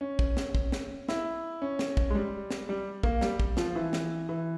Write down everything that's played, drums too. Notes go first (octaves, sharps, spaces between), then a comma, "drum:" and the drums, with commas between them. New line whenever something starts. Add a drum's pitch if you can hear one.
C#4
drum: kick
drum: snare
drum: kick
drum: snare
E4, drum: snare
C#4
drum: snare
drum: kick
G#3
G3
drum: snare
G3
A#3, drum: kick
G3, drum: snare
drum: kick
F3, drum: snare
E3
drum: snare
E3